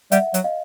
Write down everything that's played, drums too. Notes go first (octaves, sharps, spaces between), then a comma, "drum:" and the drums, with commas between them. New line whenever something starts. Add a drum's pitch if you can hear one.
G3 E5 F#5, drum: hi-hat
F#3, drum: hi-hat
D#5 F5